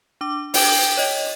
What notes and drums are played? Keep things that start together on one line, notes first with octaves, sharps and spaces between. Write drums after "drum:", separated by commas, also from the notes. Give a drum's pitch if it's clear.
D4 D6
G5, drum: open hi-hat
C#5 D#5